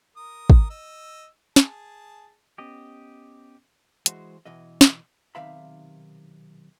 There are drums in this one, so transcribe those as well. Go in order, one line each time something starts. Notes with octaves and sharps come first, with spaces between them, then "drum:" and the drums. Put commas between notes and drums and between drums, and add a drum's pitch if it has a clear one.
A#4 D#6
drum: kick
D#5 E6
G#4 A5, drum: snare
B3 C#4 G4 D#5
E3 G#3 F#4 C5, drum: hi-hat
B2 E3 D#5
drum: snare
B1 C3 D#3 E5 F5 B5